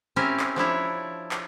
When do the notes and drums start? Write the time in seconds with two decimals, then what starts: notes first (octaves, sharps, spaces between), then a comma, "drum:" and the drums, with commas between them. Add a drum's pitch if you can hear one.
0.16 C4 C#4 E4 G4 A#4
0.39 drum: clap
0.56 F3 D4 E4 C#5
1.31 drum: clap